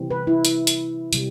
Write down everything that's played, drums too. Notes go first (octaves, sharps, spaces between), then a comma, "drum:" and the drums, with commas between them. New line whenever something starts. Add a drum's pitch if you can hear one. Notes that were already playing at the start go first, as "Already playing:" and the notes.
Already playing: C3 E3 G3 C4
B4
E4
drum: hi-hat
drum: hi-hat
C3 G3, drum: hi-hat